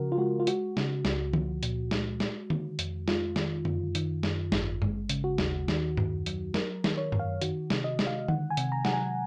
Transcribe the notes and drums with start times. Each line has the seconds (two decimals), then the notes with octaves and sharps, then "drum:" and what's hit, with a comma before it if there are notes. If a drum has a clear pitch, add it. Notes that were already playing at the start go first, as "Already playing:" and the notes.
Already playing: C#3 F3 F#4 A#4
0.12 F4
0.18 G#3 F#4
0.40 F4
0.47 G#3 F#4, drum: hi-hat
0.77 C#3, drum: snare
1.05 C#2, drum: snare
1.33 F3, drum: tom D3
1.63 A#2, drum: hi-hat
1.91 G#3, drum: snare
2.20 G#3, drum: snare
2.50 D#3, drum: tom D3
2.79 F2, drum: hi-hat
3.08 G#3 F4, drum: snare
3.36 D#3, drum: snare
3.65 F#2, drum: tom D3
3.95 D#3, drum: hi-hat
4.23 F#2, drum: snare
4.52 G#1, drum: snare
4.82 G#3, drum: tom G2
5.09 C#3, drum: hi-hat
5.24 F#4
5.38 D#2, drum: snare
5.68 D#3, drum: snare
5.97 F#2, drum: tom G2
6.26 F#3, drum: hi-hat
6.54 F#3 A#4, drum: snare
6.84 D#3, drum: snare
6.97 C#5
7.12 F#2, drum: tom G2
7.19 F5
7.42 D#3 F#4, drum: hi-hat
7.70 C3, drum: snare
7.84 D#5
7.99 G#3, drum: snare
8.07 F5
8.28 D#3 F#5, drum: tom D3
8.50 G#5
8.57 C3, drum: hi-hat
8.72 A#5
8.85 F#3 F#5, drum: snare
8.93 G#5